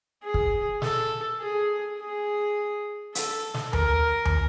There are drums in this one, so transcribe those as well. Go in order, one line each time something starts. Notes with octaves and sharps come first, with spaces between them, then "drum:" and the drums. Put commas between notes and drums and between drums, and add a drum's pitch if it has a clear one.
G#4
drum: kick
A4, drum: snare
G#4
G#4
A4, drum: hi-hat
drum: snare
A#4, drum: tom D#2
drum: tom D#2